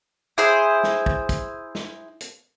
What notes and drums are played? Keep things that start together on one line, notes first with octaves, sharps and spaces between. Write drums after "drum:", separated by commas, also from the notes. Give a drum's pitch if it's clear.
E4 G#4 C5, drum: hi-hat
drum: snare
drum: kick
drum: kick, hi-hat
drum: snare
drum: hi-hat